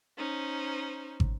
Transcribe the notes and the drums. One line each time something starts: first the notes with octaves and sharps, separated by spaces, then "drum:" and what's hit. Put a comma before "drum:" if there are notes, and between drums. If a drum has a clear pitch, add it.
C#4 D#4 C5
drum: kick